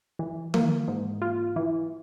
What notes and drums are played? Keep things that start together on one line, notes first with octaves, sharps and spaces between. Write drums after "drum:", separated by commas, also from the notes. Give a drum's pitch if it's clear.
E3
A#3, drum: tom D#3
G#2
F4
E3